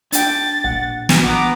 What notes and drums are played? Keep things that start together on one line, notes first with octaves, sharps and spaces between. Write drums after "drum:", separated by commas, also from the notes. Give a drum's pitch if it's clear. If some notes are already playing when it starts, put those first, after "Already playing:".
D4 G5 A6, drum: hi-hat
A#1 F#5
drum: snare
B3 A#5 D6